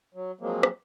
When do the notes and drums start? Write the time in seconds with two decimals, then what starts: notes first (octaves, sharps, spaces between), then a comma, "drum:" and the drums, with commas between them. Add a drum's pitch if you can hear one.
0.14 F#3
0.41 F3 F#3 G#3 A#3 C4
0.63 drum: rim click